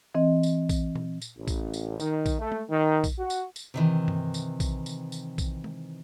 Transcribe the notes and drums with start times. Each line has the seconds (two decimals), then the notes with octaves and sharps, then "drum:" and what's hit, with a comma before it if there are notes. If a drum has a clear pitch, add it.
0.15 E3 C4 D#5
0.43 drum: tambourine
0.69 drum: kick A#1, tambourine
0.95 drum: tom A#2
1.21 drum: tambourine
1.38 A1
1.48 drum: kick A#1, tambourine
1.74 drum: tambourine
2.00 D#3, drum: tambourine
2.26 drum: kick A#1, tambourine
2.39 A3
2.52 drum: tom
2.70 D#3
3.04 drum: kick A#1, tambourine
3.19 F#4
3.30 drum: tambourine
3.56 drum: tambourine
3.74 C3 D#3 E3
4.08 drum: tom G2
4.34 drum: tambourine
4.60 drum: kick A#1, tambourine
4.86 drum: tambourine
5.12 drum: tambourine
5.38 drum: kick A#1, tambourine
5.64 drum: tom